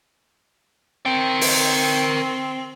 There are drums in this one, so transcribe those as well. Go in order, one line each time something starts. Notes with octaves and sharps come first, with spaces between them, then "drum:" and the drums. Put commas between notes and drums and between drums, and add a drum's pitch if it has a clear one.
C4 A#4 G5
drum: open hi-hat